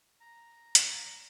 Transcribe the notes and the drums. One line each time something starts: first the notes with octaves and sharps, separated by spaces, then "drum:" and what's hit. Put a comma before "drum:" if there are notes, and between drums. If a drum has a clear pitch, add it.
A#5
drum: hi-hat